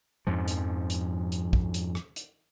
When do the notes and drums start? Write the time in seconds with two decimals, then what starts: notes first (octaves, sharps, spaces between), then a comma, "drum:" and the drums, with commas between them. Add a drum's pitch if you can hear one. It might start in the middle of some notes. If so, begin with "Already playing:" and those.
0.27 F2 G#2 F3
0.48 drum: hi-hat
0.90 drum: hi-hat
1.32 drum: hi-hat
1.53 drum: kick
1.74 drum: hi-hat
1.95 drum: rim click
2.16 drum: hi-hat